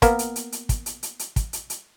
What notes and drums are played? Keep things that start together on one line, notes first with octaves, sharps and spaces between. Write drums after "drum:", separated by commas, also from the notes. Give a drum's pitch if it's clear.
A#3 B3 A#4, drum: kick, hi-hat
drum: hi-hat
drum: hi-hat
drum: hi-hat
drum: kick, hi-hat
drum: hi-hat
drum: hi-hat
drum: hi-hat
drum: kick, hi-hat
drum: hi-hat
drum: hi-hat